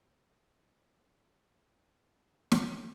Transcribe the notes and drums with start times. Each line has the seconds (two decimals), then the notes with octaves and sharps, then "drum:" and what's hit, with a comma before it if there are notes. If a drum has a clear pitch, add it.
0.24 B1 F#2
2.52 drum: snare